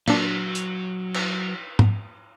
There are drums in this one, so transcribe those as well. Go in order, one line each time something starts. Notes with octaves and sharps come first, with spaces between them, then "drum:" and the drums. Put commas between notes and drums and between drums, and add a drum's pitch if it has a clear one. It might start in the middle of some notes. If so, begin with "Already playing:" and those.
A#2 F#3 D4, drum: cymbal
drum: hi-hat
drum: cymbal
drum: tom G#2